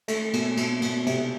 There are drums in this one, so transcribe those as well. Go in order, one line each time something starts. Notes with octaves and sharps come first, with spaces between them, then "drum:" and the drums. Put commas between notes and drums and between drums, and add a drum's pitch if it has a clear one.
A3, drum: cymbal
B2, drum: cymbal
B2, drum: cymbal
B2, drum: cymbal
C3, drum: cymbal